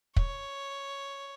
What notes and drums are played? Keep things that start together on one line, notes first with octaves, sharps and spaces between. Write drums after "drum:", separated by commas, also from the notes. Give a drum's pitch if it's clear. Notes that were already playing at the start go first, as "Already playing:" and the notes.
C#5, drum: kick